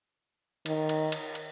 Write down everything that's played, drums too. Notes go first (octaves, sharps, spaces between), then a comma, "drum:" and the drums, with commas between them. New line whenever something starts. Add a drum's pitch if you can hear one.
D#3, drum: cymbal
drum: cymbal
drum: cymbal
drum: cymbal